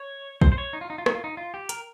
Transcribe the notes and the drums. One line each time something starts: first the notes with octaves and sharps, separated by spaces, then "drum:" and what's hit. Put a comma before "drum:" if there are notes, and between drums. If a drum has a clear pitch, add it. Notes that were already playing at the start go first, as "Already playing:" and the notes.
Already playing: C#5
C5, drum: kick
C5
C#5
D#4
F4
D#4
F4
D#4, drum: rim click
F4
D#4
F4
G4
A#4, drum: hi-hat